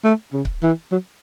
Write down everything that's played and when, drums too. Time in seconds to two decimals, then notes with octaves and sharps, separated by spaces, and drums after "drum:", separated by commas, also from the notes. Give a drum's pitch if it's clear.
0.04 A3
0.33 C#3
0.45 drum: kick C#1
0.63 E3
0.92 F#3